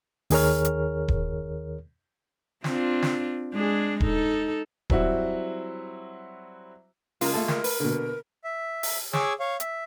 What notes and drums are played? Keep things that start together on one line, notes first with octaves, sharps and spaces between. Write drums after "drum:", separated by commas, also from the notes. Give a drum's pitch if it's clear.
D#2 D#3 G#4 A#4 C#5 F6, drum: open hi-hat
drum: hi-hat
drum: kick D#1
C4 D4 F4, drum: snare
drum: snare
G#3 D4 G#4
D#4 A4, drum: kick D#1
F#3 G3 C4 E4 F#4, drum: kick D#1
C#3 G#3 A#3 F4 A#4, drum: open hi-hat
A3 A4 A5
A#4, drum: snare
B4, drum: open hi-hat
B2 D3
E5
drum: open hi-hat
G#4 C#5 G#5 D6 E6, drum: snare
C#5 F5
E5, drum: hi-hat